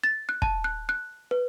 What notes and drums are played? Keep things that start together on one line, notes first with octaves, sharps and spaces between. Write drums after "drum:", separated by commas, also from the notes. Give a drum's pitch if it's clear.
A6
F#6
A5, drum: kick
F#6
F#6
B4